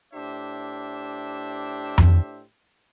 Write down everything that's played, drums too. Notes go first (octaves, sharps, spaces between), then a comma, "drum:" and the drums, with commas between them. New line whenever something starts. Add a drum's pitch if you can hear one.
A2 D4 G4 C5 E5
drum: tom F2